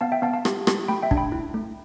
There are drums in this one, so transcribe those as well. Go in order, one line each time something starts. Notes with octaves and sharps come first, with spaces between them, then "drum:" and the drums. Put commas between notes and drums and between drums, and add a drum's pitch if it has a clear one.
B3 F5 A5
E5 G5
B3 F5 A5
F5 A5
G4, drum: rim click
G4, drum: rim click
A3 G5 B5
E5 G5
D4, drum: kick
G5 B5
E4
A3